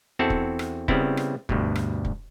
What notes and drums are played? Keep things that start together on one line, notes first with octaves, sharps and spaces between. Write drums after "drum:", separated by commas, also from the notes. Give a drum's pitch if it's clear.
E2 C4 E4 F#4 A4 A5
drum: kick
drum: rim click
C#3 G3 B3 C4 E4, drum: kick
drum: rim click
D2 G2 B2, drum: kick
drum: rim click
drum: kick